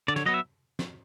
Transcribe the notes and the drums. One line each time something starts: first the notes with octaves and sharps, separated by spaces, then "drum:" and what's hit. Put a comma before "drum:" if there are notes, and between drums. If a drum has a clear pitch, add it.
D3 D5
C#5, drum: snare
F#3 B3 D#5
E5
drum: snare